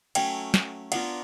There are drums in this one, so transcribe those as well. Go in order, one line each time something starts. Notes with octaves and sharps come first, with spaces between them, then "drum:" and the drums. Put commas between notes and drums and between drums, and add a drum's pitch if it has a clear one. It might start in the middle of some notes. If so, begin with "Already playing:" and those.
F#3 A3 C#4 G5, drum: cymbal
drum: snare
B3 D4 F4 A#4 F#5, drum: cymbal